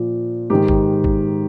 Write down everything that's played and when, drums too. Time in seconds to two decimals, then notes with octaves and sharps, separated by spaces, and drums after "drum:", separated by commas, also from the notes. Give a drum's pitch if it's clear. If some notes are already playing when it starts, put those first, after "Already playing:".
Already playing: A#2 F3
0.50 G#2 D#3 G4
0.68 drum: kick G#1
1.04 drum: kick G#1